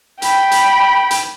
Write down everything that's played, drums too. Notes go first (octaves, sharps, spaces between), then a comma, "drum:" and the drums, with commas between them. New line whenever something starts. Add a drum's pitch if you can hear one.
G5 B5, drum: hi-hat
drum: hi-hat
drum: hi-hat